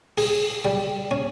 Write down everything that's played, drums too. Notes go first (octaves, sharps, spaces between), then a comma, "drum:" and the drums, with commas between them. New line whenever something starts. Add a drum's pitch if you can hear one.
G#4, drum: open hi-hat
G3
C#4